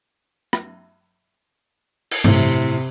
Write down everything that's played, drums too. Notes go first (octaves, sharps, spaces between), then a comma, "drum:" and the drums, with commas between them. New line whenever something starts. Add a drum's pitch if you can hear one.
drum: rim click
drum: cymbal
A2 C3 E4, drum: tom G2